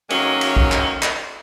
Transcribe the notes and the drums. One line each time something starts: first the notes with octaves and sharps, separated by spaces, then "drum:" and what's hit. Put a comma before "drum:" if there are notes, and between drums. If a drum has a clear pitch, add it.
D#3 F#3 G#3 A#3 C#4, drum: cymbal
drum: cymbal
drum: kick
drum: clap
drum: clap